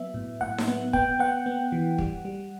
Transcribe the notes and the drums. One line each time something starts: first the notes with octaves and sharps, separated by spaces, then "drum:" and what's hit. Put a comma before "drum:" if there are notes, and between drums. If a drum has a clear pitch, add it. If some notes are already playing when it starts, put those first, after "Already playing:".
Already playing: F#3 B3 E5
A2
A2 F#5
drum: snare D#4
B3
B3 G5, drum: kick
B3 F#5
B3
E3
G3, drum: kick
G3